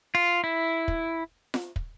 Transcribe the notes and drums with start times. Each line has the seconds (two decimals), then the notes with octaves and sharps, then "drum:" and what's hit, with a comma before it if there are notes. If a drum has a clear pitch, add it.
0.15 F4
0.44 E4
0.88 drum: kick
1.54 drum: snare F4
1.76 drum: kick